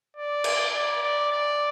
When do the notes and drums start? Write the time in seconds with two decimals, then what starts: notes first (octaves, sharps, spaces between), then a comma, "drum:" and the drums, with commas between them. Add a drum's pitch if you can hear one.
0.17 D5
0.44 drum: cymbal
0.74 D5
1.02 D5
1.32 D5